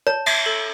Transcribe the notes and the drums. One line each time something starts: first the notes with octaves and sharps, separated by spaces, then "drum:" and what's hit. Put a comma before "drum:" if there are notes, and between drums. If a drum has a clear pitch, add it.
C#5 A5
E5, drum: cymbal
A4